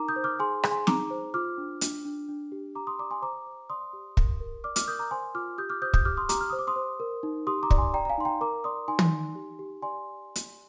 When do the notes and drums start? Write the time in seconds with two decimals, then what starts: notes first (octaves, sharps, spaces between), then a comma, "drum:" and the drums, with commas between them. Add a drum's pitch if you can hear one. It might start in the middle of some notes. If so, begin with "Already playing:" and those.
Already playing: D#4 A#4 A#5 D6
0.09 D#6 G6
0.16 C5
0.24 D6 F6
0.39 G#4 G#5 C6
0.63 G#4, drum: rim click
0.71 G#5 C6
0.87 D#4 A#5 D6, drum: snare
1.10 C5
1.34 F4 D6 F6
1.58 D4
1.81 D4, drum: hi-hat
2.05 D4
2.29 D4
2.52 G4
2.75 G4 A#5 D6
2.87 C6 D#6
2.99 D5 A#5 D6
3.11 G#5 C6
3.22 C5 A#5 D6
3.46 C5
3.69 D5 C6 D#6
3.93 G4
4.17 A#4, drum: kick
4.40 A#4
4.64 D5 D6 F6
4.76 D6 F6, drum: hi-hat
4.88 A#4 D#6 G6
4.99 A#5 D6
5.11 C5 G#5 C6
5.35 F4 D6 F6
5.58 G4 D#6 G6
5.70 D6 F6
5.82 C5 D#6 G6
5.94 D#6 G6, drum: kick
6.05 G4 D6 F6
6.17 C6 D#6
6.29 G4 A#5 D6, drum: hi-hat
6.41 F6
6.50 C5 D#6
6.59 D6
6.67 C6 D#6
6.76 C5
7.00 A#4
7.23 D#4
7.47 G4 C6 D#6
7.63 A#5 D6
7.70 D5, drum: kick
7.78 G#5 C6
7.94 D5 G5 A#5
8.05 A#5
8.09 F5 G#5
8.18 D#4 C6
8.25 G5 A#5
8.41 A#4 A#5 D6
8.64 D5 C6 D#6
8.88 D#4 G#5 C6
8.99 drum: tom
9.12 D#4
9.35 G4
9.59 G4
9.82 D5 G#5 C6
10.36 drum: hi-hat